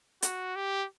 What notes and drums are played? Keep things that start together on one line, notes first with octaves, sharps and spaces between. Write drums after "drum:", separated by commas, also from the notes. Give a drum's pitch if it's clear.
F#4, drum: hi-hat
G4